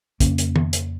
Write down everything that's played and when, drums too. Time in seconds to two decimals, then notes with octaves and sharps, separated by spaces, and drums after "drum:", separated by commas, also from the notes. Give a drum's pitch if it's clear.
0.20 F2 C#3 A#3 C#4, drum: kick, hi-hat
0.38 drum: hi-hat
0.56 drum: tom D#3
0.73 drum: hi-hat